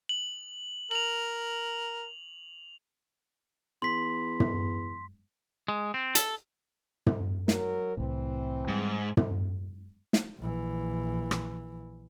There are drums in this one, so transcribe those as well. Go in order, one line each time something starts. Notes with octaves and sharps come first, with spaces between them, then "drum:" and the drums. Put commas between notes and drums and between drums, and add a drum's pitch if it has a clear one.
F#7
A#4 F7 F#7
E2 C6 B6
drum: tom
G#3
C4
A4, drum: hi-hat
drum: tom
F#3 A#4, drum: snare
C2 A2 E3 C4
G#2 G3
drum: tom
drum: snare
A#1 E3
drum: rim click